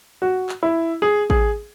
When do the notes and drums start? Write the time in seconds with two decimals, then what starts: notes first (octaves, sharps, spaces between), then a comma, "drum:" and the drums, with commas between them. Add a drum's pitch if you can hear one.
0.22 F#4
0.49 drum: clap
0.63 E4
1.02 G#4
1.30 G#4, drum: kick A1